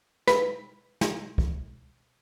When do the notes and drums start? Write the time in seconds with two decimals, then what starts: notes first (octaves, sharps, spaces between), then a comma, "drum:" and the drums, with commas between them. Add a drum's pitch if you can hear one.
0.28 B4 B5, drum: snare
1.01 drum: snare
1.38 drum: kick